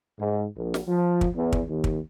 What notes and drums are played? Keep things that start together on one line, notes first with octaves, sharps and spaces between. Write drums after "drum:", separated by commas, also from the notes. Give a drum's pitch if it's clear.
G#2
A#1
drum: snare
F3
drum: kick
E2
drum: kick
D#2
drum: kick